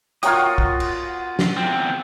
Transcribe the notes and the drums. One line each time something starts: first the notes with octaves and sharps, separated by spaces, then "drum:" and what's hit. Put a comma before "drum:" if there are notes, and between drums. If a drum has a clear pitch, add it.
F4 F#4 A#4 C#5 G5 D#6, drum: hi-hat
drum: kick
drum: cymbal
drum: snare
E2 C4 E6